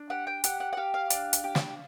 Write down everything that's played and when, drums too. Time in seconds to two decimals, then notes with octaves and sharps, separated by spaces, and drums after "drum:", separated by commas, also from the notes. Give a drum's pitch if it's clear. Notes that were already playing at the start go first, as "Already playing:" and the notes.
Already playing: D4
0.10 G4 F#5
0.27 G5
0.44 G4 F#5, drum: hi-hat
0.60 F#5
0.73 F#5
0.77 G4 F5
0.94 F5
1.10 D4, drum: hi-hat
1.33 drum: hi-hat
1.44 G4
1.55 drum: snare